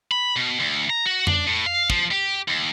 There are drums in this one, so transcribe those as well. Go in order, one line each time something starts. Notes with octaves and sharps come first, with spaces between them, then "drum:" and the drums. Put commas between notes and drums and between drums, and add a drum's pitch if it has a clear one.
B5
B2
D2
A#5
F#4
D4, drum: tom F2
A2
F5
F3, drum: kick
G4
D#2